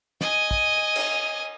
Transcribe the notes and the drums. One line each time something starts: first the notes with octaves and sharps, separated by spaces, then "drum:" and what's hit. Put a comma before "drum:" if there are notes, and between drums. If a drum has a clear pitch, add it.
D#5 G#5, drum: snare
drum: kick
drum: cymbal